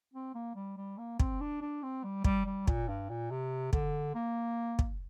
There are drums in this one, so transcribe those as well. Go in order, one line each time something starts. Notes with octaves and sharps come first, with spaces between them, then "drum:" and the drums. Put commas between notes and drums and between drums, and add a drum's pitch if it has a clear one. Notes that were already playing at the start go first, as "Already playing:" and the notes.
C4
A#3
G3
G3
A#3
C4, drum: kick
D4
D4
C4
G3
G3, drum: kick
G3
A#2, drum: kick
G2
A#2
C3
D3, drum: kick
A#3
drum: kick